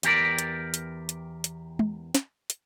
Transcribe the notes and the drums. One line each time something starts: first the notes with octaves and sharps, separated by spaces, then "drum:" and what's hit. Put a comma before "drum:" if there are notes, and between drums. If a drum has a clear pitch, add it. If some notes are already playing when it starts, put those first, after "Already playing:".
E2 G4 A#4 D5, drum: hi-hat
drum: hi-hat
drum: hi-hat
drum: hi-hat
drum: hi-hat
drum: tom G#3
drum: snare
drum: hi-hat